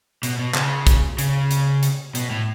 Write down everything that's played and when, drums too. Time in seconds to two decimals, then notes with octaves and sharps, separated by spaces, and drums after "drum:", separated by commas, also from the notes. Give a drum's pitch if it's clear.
0.23 B2, drum: hi-hat
0.39 B2
0.54 C#3, drum: clap
0.87 drum: kick, hi-hat
1.19 C#3, drum: hi-hat
1.51 drum: hi-hat
1.83 drum: hi-hat
2.15 B2, drum: hi-hat
2.30 A2